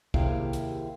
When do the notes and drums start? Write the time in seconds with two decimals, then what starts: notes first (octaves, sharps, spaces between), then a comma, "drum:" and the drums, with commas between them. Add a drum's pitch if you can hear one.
0.14 D#2 C3 E4 G#4 F5 G5, drum: kick
0.53 drum: hi-hat